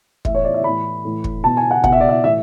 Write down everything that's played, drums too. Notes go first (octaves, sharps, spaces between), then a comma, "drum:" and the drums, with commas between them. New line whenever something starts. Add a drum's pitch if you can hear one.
A2 E3 E5, drum: kick
C#5
D5
E5
A2 E3 B5
A2 E3
drum: kick
B2 A5
G#5
F#5
B2 F#5, drum: kick
E5
D5
E5
A2 E3 E5